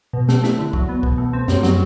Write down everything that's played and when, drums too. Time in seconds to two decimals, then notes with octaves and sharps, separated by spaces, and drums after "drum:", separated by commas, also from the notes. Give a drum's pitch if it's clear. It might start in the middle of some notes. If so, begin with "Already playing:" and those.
0.13 B2
0.29 A3, drum: snare
0.44 E4, drum: snare
0.59 D3
0.73 F#3, drum: kick
0.89 B3
1.03 B2, drum: kick
1.18 A3
1.33 C4
1.48 F#2, drum: snare
1.63 F#3, drum: snare